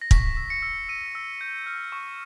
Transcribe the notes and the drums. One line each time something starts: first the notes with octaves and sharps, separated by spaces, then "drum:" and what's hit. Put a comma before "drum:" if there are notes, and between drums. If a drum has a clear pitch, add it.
A#6
C#6 B6, drum: kick
E6
C#7
E6
E6 D#7
E6
G6
F6
C#6